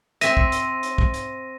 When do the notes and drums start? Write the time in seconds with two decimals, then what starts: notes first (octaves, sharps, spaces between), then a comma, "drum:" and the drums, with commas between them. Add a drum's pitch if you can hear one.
0.21 C4 E5 A#6 D#7, drum: hi-hat
0.37 drum: kick
0.52 drum: hi-hat
0.83 drum: hi-hat
0.98 drum: kick
1.14 drum: hi-hat